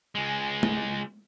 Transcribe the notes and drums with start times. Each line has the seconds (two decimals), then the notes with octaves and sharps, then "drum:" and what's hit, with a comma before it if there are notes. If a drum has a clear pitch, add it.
0.15 C#2 G#3
0.63 drum: tom G#3